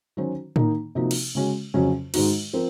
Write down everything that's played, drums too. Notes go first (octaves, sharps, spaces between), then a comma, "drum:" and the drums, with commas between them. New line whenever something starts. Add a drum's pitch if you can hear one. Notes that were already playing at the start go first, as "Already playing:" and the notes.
D#3 F#3 C#4 F#4 C5
D#3 A#3 D#4, drum: tom A2
C3 F3 A#3 D#4 F#4
drum: cymbal
C#3 G#3 C#4 F#4
F2 C#3 F#3 C#4 F4
G#2 D#3 G#3 D#4 F#4, drum: cymbal
F3 C4 A#4